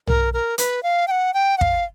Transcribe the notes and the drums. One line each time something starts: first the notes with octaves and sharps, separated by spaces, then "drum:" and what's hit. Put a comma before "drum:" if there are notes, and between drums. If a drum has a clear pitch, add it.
A#4, drum: tom B1
A#4
B4, drum: hi-hat
F5
G5
F#5
G5
F#5
F5, drum: kick